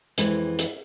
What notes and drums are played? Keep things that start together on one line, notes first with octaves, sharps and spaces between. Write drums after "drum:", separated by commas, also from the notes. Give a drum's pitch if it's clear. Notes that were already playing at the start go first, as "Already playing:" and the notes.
F2 E3 G#3, drum: hi-hat
drum: hi-hat